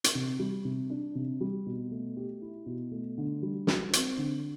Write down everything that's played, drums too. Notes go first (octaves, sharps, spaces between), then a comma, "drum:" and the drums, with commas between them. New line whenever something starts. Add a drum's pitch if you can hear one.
drum: hi-hat
C3
G3
C3
D4
C3
G3
B2
A3
G4
E4
B2
A3
D3
G3
F#4, drum: snare
C4, drum: hi-hat
D3